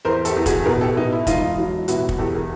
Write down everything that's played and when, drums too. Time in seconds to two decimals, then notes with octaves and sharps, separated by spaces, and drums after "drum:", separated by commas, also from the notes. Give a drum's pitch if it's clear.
0.05 E2 A#4 C5
0.25 G4 A4, drum: hi-hat
0.36 E2
0.46 F#4 G#4, drum: kick, hi-hat
0.66 B2 G#4 A#4
0.81 G4 A4
0.96 B2 D#4
1.13 E4
1.27 E1 D#4 F4, drum: kick, hi-hat
1.58 F#3
1.88 B2 E4 F#4, drum: hi-hat
2.09 drum: kick
2.18 E2 G4 A4
2.34 G#4 A#4